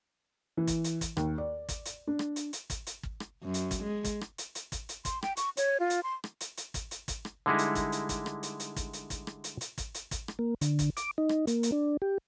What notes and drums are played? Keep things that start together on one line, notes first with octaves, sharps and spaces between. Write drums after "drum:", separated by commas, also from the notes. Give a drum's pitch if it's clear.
E3
drum: kick, hi-hat
drum: hi-hat
drum: kick, hi-hat
D#2, drum: rim click
D5
drum: kick, hi-hat
drum: hi-hat
D4
drum: rim click
drum: hi-hat
drum: hi-hat
drum: kick, hi-hat
drum: hi-hat
drum: kick
drum: rim click
F#2
drum: hi-hat
drum: kick, hi-hat
G#3
drum: kick, hi-hat
drum: rim click
drum: hi-hat
drum: hi-hat
drum: kick, hi-hat
drum: hi-hat
C6, drum: kick, hi-hat
G5, drum: rim click
C#6, drum: hi-hat
C#5, drum: hi-hat
F4
drum: hi-hat
C6
drum: rim click
drum: hi-hat
drum: hi-hat
drum: kick, hi-hat
drum: hi-hat
drum: kick, hi-hat
drum: rim click
D3 G3 G#3 D#4 E4
drum: hi-hat
drum: kick, hi-hat
drum: hi-hat
drum: kick, hi-hat
drum: rim click
drum: hi-hat
drum: hi-hat
drum: kick, hi-hat
drum: hi-hat
drum: kick, hi-hat
drum: rim click
drum: hi-hat
drum: hi-hat
drum: kick, hi-hat
drum: hi-hat
drum: kick, hi-hat
drum: rim click
A#3
D3, drum: hi-hat
drum: kick, hi-hat
D6, drum: hi-hat
D#4
drum: rim click
A#3, drum: hi-hat
drum: hi-hat
D4
G4